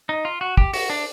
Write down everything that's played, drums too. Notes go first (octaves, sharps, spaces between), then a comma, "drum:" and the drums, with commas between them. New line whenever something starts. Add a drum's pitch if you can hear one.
D#4
F4
F#4
G4, drum: kick
F#4, drum: open hi-hat
D4